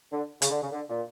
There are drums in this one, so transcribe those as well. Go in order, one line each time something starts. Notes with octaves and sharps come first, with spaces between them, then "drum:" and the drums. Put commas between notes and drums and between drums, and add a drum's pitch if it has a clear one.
D3
C#3, drum: hi-hat
D3
C#3
D3
A#2